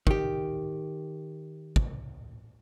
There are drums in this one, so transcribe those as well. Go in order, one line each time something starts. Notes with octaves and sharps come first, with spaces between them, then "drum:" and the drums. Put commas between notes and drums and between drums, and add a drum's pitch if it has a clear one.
D#3 G4, drum: kick
drum: kick